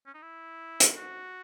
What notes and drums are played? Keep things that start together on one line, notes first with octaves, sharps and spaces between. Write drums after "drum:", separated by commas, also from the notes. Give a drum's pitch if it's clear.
C#4
D#4
E4
drum: hi-hat
F#4